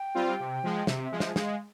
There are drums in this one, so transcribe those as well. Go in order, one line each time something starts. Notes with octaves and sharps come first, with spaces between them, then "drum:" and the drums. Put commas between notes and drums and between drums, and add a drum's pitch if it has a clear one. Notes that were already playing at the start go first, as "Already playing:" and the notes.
Already playing: G5
G3 C4 F4
C3
F3 G#3
C3 E5, drum: snare
E5
F3 G#3
E5, drum: snare
G#3 F5, drum: snare